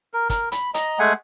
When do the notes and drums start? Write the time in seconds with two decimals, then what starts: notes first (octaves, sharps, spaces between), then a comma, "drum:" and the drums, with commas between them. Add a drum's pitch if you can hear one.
0.14 A#4
0.30 A#4, drum: kick, hi-hat
0.52 B5, drum: hi-hat
0.74 D#5 A#5, drum: hi-hat
0.99 G#3 A3 F#5 G#5